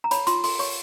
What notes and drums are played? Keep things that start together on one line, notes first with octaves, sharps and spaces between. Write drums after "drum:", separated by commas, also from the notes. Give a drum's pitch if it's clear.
A#5
C#5 B5, drum: hi-hat
F4 C6, drum: hi-hat
A4 C6, drum: open hi-hat
C#5 C#6, drum: open hi-hat